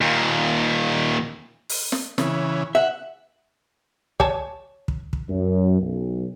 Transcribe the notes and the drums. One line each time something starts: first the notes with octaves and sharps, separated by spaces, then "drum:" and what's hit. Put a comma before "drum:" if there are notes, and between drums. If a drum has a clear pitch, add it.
D#2 A#2
drum: open hi-hat
drum: snare
C#3 E3, drum: snare
E5 F#5
C#5 G#5 A5, drum: kick
drum: kick
drum: kick
F#2
B1